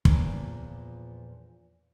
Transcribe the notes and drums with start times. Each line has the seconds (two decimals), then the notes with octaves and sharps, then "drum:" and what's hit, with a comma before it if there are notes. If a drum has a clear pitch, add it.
0.05 E2 A#2 D3 F3 B3 D4, drum: kick